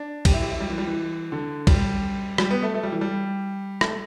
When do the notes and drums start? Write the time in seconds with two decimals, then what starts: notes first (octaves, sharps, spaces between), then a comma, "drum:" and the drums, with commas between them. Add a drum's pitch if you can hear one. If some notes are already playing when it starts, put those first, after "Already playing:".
Already playing: D4
0.25 G4, drum: kick B1, cymbal
0.34 E4
0.42 G4
0.52 E4
0.60 G3
0.70 E3
0.78 G3
0.87 E3
1.32 D3
1.67 G3, drum: kick B1, cymbal
2.38 G3, drum: rim click
2.51 B3
2.63 A3
2.74 A3
2.83 G3
2.92 E3
3.01 G3
3.81 A3, drum: rim click